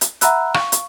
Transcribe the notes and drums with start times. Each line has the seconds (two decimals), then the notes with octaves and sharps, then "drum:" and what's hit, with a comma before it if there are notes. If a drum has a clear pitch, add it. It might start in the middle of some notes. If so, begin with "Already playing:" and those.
0.01 drum: hi-hat
0.21 E5 F#5 A#5 B5 E6 F#6, drum: hi-hat
0.54 F5 C#6, drum: rim click
0.72 drum: hi-hat